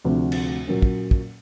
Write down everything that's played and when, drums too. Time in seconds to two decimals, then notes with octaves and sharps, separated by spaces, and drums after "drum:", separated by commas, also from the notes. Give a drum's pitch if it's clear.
0.05 D2 C3 F3 A3 D4
0.32 drum: cymbal
0.68 A#2 F#3 A#3 C#4
0.82 drum: kick
1.11 drum: kick